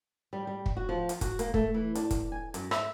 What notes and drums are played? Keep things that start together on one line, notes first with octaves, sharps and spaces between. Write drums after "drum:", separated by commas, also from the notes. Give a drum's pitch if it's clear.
G3
G3
drum: kick
F#4
F3
drum: hi-hat
F#4, drum: kick, hi-hat
A#3, drum: hi-hat
A3, drum: kick
E3
D4, drum: hi-hat
drum: kick, hi-hat
G#5
F#2, drum: hi-hat
E5, drum: rim click